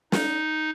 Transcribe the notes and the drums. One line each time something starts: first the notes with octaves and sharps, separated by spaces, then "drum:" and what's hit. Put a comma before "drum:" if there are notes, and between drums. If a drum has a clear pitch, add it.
D#4, drum: snare